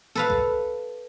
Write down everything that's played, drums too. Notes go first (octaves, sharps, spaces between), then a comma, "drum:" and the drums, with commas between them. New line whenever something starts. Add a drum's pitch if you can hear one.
A4 B4 F5, drum: snare
drum: kick C2